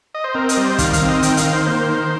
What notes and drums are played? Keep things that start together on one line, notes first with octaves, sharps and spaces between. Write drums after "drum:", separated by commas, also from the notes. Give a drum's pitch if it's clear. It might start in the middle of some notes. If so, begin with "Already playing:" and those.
D#5
C5
C4 A#4
D#5, drum: hi-hat
G3
C5
D#3 F5, drum: kick, hi-hat
F5, drum: kick, hi-hat
C4
D#5
D#3 G5, drum: hi-hat
F5, drum: hi-hat
D#3
C5
A#3 C5
D#3